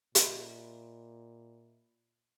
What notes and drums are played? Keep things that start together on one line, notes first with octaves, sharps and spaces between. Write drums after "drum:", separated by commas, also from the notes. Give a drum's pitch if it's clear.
A#2 D#5 E5 B5, drum: hi-hat